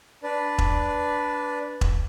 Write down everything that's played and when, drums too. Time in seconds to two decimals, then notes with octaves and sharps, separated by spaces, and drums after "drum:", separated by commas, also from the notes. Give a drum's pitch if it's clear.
0.23 D4 B4 D5
0.58 drum: kick E1
1.81 drum: kick E1